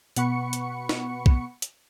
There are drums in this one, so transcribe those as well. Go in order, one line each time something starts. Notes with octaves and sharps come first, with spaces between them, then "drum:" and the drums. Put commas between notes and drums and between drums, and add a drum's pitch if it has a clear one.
B2 B3 F#5 B5 C#6 C#7, drum: hi-hat
drum: hi-hat
drum: snare
drum: kick B1
drum: hi-hat